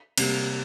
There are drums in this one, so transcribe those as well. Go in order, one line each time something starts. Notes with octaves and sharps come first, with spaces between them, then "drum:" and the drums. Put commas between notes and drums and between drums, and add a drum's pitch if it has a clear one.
C3 G3 A#3, drum: cymbal